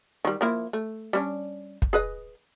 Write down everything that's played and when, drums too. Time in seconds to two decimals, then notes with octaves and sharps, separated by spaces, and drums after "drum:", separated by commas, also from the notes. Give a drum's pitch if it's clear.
0.25 D#3 G3
0.41 F3 A#3 E4
0.73 A3
1.13 G3 C#4 D4
1.82 drum: kick
1.93 G#4 B4 D#5